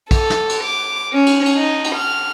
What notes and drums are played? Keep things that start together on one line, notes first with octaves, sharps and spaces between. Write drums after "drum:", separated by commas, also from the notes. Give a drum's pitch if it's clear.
A4, drum: kick, cymbal
drum: snare
drum: cymbal
D6
C#4
drum: cymbal
drum: cymbal
D#4
drum: cymbal
F6